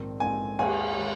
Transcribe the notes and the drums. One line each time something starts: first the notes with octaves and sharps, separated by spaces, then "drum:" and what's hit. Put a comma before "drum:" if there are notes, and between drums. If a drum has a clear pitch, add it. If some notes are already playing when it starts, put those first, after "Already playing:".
Already playing: A#1 G#2 D#3 C4
A#1 G#2 D#3 C4 G#5
D#2 D#3 G#3 G#5, drum: cymbal
D#3 G#3